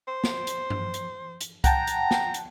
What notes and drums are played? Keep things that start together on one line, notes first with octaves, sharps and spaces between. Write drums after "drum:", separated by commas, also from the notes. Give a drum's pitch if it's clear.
C5
drum: snare
drum: hi-hat
drum: tom G2
drum: hi-hat
drum: hi-hat
F#5 G5 A5 A#5, drum: kick C2, hi-hat
drum: hi-hat
drum: snare
drum: hi-hat